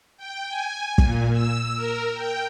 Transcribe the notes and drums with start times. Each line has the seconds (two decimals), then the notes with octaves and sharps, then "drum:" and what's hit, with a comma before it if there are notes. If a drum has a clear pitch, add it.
0.17 G5
0.49 G#5
0.98 A#2, drum: kick
1.32 E6
1.75 A#4
2.14 G5